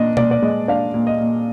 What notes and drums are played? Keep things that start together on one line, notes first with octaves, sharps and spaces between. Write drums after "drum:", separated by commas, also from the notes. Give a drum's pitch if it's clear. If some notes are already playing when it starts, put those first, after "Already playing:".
Already playing: A#2 D4 D#5
A#2 D5, drum: tom B2
D5
G#3 D#5
D4 D5 F5
A#2
D#5
A#2